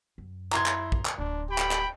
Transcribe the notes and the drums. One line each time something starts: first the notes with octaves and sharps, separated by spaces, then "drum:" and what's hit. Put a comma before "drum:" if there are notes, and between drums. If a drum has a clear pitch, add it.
F#2
E4 A#5 C6 G#6, drum: clap
drum: clap
drum: kick
drum: clap
D1 D4
G4 G5 B5
drum: clap
drum: clap